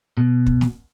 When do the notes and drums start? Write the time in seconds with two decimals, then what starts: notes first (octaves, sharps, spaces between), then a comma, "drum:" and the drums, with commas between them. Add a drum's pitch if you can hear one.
0.17 B2
0.47 drum: kick
0.61 drum: snare